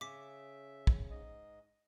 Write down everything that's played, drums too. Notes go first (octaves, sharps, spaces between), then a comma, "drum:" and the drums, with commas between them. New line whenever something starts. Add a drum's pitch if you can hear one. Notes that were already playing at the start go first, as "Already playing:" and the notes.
C#3 E5 D6 B6
drum: kick
G#2 D#5